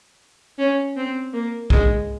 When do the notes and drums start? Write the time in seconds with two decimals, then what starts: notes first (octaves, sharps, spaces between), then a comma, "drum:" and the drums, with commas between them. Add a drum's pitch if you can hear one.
0.58 C#4
0.97 C4
1.33 A#3
1.70 G#3, drum: kick A#1